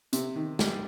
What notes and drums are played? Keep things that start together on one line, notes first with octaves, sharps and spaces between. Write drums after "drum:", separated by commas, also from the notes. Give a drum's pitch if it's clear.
C3, drum: hi-hat
D#3
G3, drum: snare